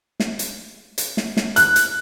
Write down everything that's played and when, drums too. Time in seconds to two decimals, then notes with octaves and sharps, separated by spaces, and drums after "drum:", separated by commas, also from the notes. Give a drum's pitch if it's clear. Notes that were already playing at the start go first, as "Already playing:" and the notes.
0.20 drum: snare
0.39 drum: hi-hat
0.98 drum: hi-hat
1.17 drum: snare
1.37 drum: snare
1.56 F#6, drum: hi-hat
1.76 drum: hi-hat